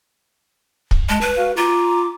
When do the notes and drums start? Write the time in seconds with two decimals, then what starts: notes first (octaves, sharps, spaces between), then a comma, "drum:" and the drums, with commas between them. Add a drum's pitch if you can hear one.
0.91 drum: kick
1.09 G#3 A5
1.21 B4
1.37 F#4 F5
1.57 F4 A#5 D6